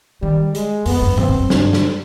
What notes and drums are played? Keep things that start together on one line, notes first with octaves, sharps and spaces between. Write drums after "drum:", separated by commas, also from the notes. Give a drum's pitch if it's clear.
D#3 G3
G#3, drum: hi-hat
F2 B3, drum: open hi-hat
G2
G#2 C4, drum: tom G2
G2
G2
G2 D4, drum: snare
drum: snare